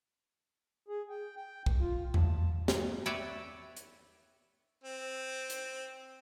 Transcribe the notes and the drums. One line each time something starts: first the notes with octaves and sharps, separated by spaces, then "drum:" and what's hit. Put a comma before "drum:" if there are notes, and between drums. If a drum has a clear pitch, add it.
G#4
G5
G5
drum: kick
F4
A5, drum: tom E2
drum: snare
B4 C#5 D5 E5 G5
drum: hi-hat
C4
drum: hi-hat